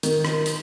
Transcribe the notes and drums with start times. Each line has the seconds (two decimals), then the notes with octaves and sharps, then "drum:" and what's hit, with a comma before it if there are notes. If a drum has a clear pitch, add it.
0.03 D#3, drum: hi-hat
0.25 drum: rim click
0.46 drum: hi-hat